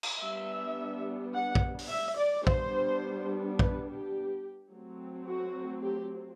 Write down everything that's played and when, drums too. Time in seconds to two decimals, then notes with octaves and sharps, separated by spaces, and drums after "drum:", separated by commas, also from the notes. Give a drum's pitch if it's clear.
0.03 drum: cymbal
0.22 G3 B3 D4 E5
1.34 F#5
1.55 drum: kick
1.79 drum: open hi-hat
1.90 E5
2.18 D5
2.47 G3 B3 D4 C5, drum: kick
3.59 B4, drum: kick
3.87 G4
4.71 F#3 A3 C4
5.27 F#4
5.84 G4